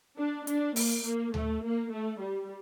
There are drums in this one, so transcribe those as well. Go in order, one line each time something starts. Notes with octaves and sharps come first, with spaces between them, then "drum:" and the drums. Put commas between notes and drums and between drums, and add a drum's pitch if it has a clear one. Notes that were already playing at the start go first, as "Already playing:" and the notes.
D4
D4, drum: hi-hat
A#3, drum: open hi-hat
A#3
A3, drum: tom D2
A#3
A3
G3